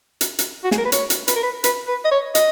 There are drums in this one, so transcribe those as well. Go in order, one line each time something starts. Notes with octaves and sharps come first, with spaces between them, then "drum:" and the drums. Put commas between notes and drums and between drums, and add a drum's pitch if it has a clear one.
drum: hi-hat
drum: hi-hat
F#4
G#4, drum: snare
A#4
B4
C#5, drum: hi-hat
drum: hi-hat
B4, drum: hi-hat
A#4
B4
B4, drum: hi-hat
B4
D#5
C#5
D#5, drum: hi-hat